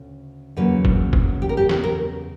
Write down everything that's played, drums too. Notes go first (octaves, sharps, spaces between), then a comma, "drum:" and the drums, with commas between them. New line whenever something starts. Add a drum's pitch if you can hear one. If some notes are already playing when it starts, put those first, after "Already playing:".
Already playing: D2 C#3
E2 C#3 F#3 A#3 B4
drum: kick
drum: kick
G4
A#4
G4
drum: snare
A#4